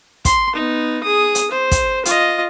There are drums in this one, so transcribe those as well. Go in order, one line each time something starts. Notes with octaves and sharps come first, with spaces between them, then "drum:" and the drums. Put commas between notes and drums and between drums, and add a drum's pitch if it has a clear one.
C6, drum: kick, hi-hat
B3 D#4
G#4 D#6
drum: hi-hat
C5
drum: kick, hi-hat
F4 D#5, drum: hi-hat